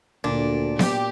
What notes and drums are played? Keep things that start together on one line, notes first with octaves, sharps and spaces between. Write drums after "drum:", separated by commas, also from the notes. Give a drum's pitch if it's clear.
D2 A#2 D4
G4, drum: snare B3